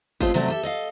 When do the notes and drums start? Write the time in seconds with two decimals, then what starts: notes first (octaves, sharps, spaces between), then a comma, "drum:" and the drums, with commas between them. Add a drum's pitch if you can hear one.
0.21 G#3 A3 C4 C#4 F4 G4, drum: kick G1
0.34 C3 F#3 G3 A3
0.48 G4 A4 E5
0.63 A4 D#5 F5